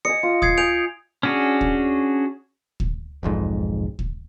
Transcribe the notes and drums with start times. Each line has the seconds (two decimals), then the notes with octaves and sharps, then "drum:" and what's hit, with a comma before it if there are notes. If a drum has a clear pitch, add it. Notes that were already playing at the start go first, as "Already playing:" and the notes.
0.05 D#5 G#5 C#7
0.23 F4
0.42 D#6 G#6 C7, drum: kick
0.58 G#5 G6 D7 F7
1.23 C#4 D4 F#4 G#4
1.61 drum: kick
2.80 drum: kick
3.23 E1 B1 F2 G#2
3.99 drum: kick